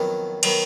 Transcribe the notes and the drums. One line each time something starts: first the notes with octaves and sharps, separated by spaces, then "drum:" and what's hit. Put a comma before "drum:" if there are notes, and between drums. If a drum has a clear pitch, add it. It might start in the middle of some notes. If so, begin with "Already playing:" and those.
Already playing: F2 D#3 F#3 B3
D#3 F#3 B3, drum: cymbal